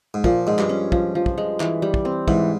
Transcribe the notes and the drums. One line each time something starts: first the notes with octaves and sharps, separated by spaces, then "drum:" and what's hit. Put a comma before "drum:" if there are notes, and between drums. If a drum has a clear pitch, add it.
G#2
A#2 F3, drum: kick
G#2 G#3
G2, drum: clap
C#4
F3, drum: kick
F3
drum: kick
G#3
E3, drum: clap
G3
drum: kick
C4
G#2 E3, drum: kick